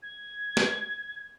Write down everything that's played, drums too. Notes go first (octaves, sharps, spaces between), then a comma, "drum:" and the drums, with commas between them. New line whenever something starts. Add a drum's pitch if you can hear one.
G#6
drum: snare